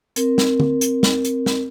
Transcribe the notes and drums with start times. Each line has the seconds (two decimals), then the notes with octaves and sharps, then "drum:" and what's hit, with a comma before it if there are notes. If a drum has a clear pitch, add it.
0.16 C4 A#4, drum: hi-hat
0.38 drum: snare
0.60 drum: tom D3
0.81 drum: hi-hat
1.03 drum: snare
1.25 drum: hi-hat
1.46 drum: snare